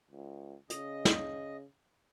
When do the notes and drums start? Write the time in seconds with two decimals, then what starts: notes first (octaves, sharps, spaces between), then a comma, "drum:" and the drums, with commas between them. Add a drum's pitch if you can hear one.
0.11 C#2
0.70 C#3 D#5, drum: hi-hat
1.05 drum: snare